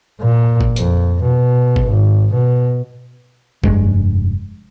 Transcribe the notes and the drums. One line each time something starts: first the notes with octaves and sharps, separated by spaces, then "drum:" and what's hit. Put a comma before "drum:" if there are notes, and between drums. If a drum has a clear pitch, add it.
A#2
drum: kick G1
F2, drum: hi-hat
B2
drum: kick G1
G#1
B2
F1 G2 G#3, drum: kick G1